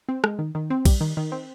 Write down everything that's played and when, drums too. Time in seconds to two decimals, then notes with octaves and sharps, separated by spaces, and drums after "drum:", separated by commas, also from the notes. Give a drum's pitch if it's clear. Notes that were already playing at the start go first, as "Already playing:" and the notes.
0.09 C4
0.24 G#3, drum: rim click
0.39 D#3
0.55 D#3
0.70 C4
0.85 G3, drum: kick A#1, cymbal
1.01 D#3
1.17 D#3
1.32 C4